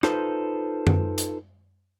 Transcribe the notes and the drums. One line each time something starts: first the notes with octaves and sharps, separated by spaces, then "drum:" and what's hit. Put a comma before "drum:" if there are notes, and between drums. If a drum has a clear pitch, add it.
D#4 F4 A4 B4 C5, drum: rim click
drum: tom F#2
drum: hi-hat